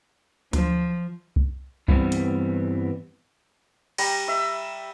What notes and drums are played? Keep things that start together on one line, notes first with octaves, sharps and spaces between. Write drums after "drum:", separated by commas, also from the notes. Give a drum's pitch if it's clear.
D2 F3, drum: hi-hat
drum: kick C2
G2 E3 G3 B3 C4, drum: kick C2
drum: hi-hat
G3 A#5, drum: cymbal
E5